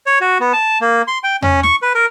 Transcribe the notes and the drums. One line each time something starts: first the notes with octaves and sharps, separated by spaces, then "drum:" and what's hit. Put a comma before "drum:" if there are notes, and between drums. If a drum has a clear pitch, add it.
C#5
F#4
B3
A5
A#3
C6
G5
C#4, drum: tom E2
C#6, drum: snare
B4
A#4